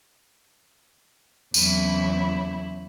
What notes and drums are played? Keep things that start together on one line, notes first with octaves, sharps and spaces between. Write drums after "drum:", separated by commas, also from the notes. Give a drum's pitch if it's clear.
E2 C#3 F#3 C4 E4 B5, drum: tambourine